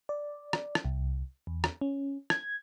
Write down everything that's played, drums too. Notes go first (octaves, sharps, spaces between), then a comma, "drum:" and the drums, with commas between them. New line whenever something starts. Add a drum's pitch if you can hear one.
D5
drum: rim click
drum: rim click
C2
E2
drum: rim click
C#4
G#6, drum: rim click